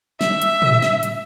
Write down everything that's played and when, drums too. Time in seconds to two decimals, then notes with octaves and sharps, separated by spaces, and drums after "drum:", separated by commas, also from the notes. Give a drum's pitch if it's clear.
0.21 E5, drum: snare
0.42 drum: hi-hat
0.62 drum: tom A2
0.82 drum: snare
1.03 drum: hi-hat